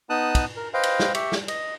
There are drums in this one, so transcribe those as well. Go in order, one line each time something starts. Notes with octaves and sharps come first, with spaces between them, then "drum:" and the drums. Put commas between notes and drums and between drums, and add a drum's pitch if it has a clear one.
B3 D#4 A5 D#6 F#6
drum: kick, cymbal
A#4
B4 C5 D#5 F5 G5
drum: cymbal
drum: snare
G4 E5 C#6, drum: cymbal
drum: snare
D#5, drum: cymbal